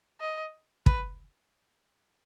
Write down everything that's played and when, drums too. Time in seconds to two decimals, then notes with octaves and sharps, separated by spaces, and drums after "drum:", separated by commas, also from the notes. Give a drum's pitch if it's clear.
0.21 D#5
0.86 B4, drum: kick